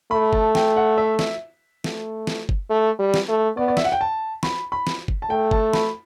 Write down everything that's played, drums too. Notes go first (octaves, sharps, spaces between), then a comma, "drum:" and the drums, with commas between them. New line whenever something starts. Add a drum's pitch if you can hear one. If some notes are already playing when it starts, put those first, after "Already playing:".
A3 B5
A5, drum: kick F#1
G5, drum: snare
F#5
E5
E5, drum: snare
A3, drum: snare
drum: snare
drum: kick F#1
A3
G3
drum: snare
A3
B3 D5
D5
E5, drum: snare
F#5
G5
A5
B5, drum: snare
B5
drum: snare
drum: kick F#1
A5
A3 G5
A5, drum: kick F#1
B5, drum: snare